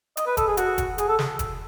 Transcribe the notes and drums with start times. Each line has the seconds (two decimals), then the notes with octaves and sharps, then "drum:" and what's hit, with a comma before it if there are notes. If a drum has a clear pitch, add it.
0.17 D#5, drum: hi-hat
0.26 B4
0.37 A4, drum: kick F1, hi-hat
0.47 G#4
0.57 F#4, drum: hi-hat
0.78 drum: kick F1, hi-hat
0.98 G#4, drum: hi-hat
1.08 A4
1.19 drum: snare
1.39 drum: kick F1, hi-hat